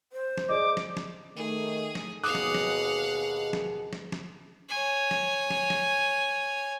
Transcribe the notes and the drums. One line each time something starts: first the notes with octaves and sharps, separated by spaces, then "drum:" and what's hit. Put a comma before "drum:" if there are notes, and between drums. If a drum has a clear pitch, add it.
C5
drum: snare
G#4 D5 D#5 D6
drum: snare
drum: snare
D#3 A3 G#4
drum: snare
D#2 B2 G#4 F5 F#5 D6 D#6 F#6
drum: snare
drum: snare
drum: snare
drum: snare
drum: snare
C#5 G#5
drum: snare
drum: snare
drum: snare